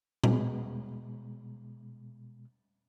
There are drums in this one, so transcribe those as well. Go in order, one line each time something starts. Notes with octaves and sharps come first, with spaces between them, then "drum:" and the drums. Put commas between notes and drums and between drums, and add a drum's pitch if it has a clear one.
B2 G#3, drum: tom A#2